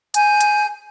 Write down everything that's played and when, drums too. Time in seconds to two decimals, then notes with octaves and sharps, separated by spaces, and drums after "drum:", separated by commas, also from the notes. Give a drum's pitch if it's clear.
0.14 G#5 G6, drum: hi-hat
0.41 drum: hi-hat